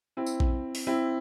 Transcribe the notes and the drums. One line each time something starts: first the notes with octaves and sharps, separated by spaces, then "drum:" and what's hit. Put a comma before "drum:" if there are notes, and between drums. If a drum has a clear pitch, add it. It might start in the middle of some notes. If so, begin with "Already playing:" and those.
C4 E4
drum: tambourine
drum: kick A#1
drum: open hi-hat
C4 E4